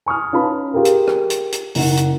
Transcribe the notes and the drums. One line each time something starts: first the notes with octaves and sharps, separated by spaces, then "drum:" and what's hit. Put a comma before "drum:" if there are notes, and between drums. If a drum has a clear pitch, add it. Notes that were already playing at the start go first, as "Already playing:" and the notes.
G#5 C#6 D#6 F6
C#4 D#4 F4 B4 A5 B5
F4 G4 G#4 A#4
drum: hi-hat
drum: rim click
drum: hi-hat
drum: hi-hat
F#1 D#4 F#5, drum: open hi-hat
drum: hi-hat